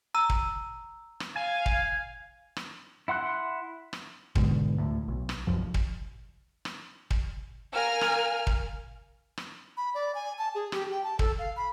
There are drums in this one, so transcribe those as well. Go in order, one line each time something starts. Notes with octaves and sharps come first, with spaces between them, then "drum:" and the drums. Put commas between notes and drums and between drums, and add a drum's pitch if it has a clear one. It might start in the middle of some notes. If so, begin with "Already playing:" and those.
A#5 E6
drum: kick
drum: rim click
F5 G#5
drum: kick
drum: rim click
E4 F#5 C6 F#6
drum: rim click
G#2 B2 D3 G#3, drum: kick
D2 A2
B1
drum: rim click
F1 C2 F#2 F3
drum: kick
drum: rim click
drum: kick
A#4 F5 G#5 F6
drum: rim click
drum: kick
drum: rim click
B5
D5
G#5
A5
G#4
G4, drum: rim click
G5
A5
A4, drum: kick
F5
B5